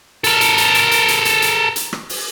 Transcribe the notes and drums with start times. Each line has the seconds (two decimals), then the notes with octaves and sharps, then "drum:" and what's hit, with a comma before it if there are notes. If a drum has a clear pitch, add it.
0.24 A4 A#4, drum: hi-hat
0.41 drum: hi-hat
0.58 drum: hi-hat
0.75 drum: hi-hat
0.91 drum: hi-hat
1.08 drum: hi-hat
1.25 drum: hi-hat
1.42 drum: hi-hat
1.76 drum: hi-hat
1.93 drum: rim click
2.09 drum: open hi-hat